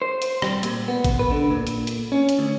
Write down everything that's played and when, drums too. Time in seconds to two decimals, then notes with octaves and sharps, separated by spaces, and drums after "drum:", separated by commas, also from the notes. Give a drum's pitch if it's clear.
0.02 C5
0.22 drum: hi-hat
0.42 G3, drum: rim click
0.63 A#2, drum: hi-hat
0.88 B3
1.04 drum: kick, hi-hat
1.19 B4
1.31 D3
1.51 A#2
1.67 drum: hi-hat
1.87 drum: hi-hat
2.12 C#4
2.29 drum: hi-hat
2.39 D2